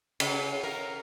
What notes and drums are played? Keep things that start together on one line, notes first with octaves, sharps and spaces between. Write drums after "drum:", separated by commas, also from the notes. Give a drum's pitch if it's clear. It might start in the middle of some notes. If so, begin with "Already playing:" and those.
C#3, drum: cymbal
A#4